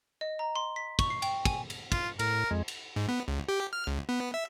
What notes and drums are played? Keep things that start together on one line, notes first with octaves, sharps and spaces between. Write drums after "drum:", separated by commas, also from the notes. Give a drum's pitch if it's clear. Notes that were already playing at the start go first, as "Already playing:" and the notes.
D#5
A#5
C6
B6
C#6, drum: kick, cymbal
C7
G5, drum: cymbal
G#5, drum: kick, cymbal
drum: cymbal
F4, drum: kick, cymbal
A2 A#4, drum: cymbal
F2 G#3
drum: cymbal
G#2
B3
C#2
G4
F6
C#2
B3
E5